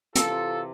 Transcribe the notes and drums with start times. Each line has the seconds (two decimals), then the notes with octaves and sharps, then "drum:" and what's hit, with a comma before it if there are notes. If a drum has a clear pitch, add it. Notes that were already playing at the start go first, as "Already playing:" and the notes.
0.15 C3 E3 F4 A4, drum: hi-hat